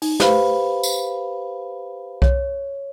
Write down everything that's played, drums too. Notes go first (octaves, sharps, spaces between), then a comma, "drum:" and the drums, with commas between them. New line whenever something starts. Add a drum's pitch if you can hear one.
D#4, drum: open hi-hat
G4 B4 C5 F5 B5, drum: snare
drum: tambourine
C#5, drum: kick B1